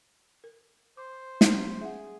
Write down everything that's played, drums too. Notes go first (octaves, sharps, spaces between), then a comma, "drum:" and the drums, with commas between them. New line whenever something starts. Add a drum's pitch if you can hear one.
A#4
C5 D6
drum: snare
F#3 C#4 G5
G#4 E5 F#5